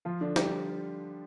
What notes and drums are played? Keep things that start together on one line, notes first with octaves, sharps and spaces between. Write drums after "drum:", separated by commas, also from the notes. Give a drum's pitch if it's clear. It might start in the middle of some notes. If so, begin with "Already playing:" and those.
F3 F4
D3 D4
G3 G4, drum: snare